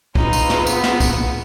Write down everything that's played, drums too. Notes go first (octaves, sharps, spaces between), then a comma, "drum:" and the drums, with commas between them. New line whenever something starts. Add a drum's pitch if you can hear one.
C4 D#4 F4 G#4 B4, drum: kick
drum: tambourine
drum: snare
B3, drum: tambourine
drum: snare
drum: kick, tambourine